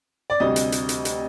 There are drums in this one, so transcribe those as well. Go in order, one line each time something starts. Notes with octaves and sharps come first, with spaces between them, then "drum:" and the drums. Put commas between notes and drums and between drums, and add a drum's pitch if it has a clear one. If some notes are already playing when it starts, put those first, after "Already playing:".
D5
D2 C3 G3 D#5
drum: hi-hat
drum: hi-hat
drum: hi-hat
drum: hi-hat